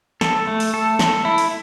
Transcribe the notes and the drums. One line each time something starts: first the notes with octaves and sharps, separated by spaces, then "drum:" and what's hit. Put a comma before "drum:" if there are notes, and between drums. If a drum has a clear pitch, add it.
A4, drum: snare
A3
drum: open hi-hat
A4
A4, drum: snare
E4
drum: open hi-hat